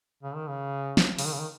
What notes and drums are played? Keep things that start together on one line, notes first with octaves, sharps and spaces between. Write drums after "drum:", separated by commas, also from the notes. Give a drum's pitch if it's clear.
C#3
D#3
C#3
drum: snare
C#3, drum: open hi-hat
D#3
C#3
D#3